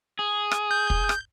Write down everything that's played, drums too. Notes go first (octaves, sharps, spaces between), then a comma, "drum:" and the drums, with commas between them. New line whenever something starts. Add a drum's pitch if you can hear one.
G#4
drum: rim click
G6
drum: kick
drum: rim click